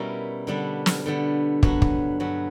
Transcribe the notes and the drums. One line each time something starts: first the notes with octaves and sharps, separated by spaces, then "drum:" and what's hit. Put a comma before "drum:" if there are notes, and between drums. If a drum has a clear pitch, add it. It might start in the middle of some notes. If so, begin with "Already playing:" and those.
Already playing: B2 G3 C#4 E4 A#4
D3 G3 B3 D4
drum: snare
D3 G3 B3 D4
G2 F#3 B3 F#4, drum: kick
drum: kick
G2 F#3 B3 F#4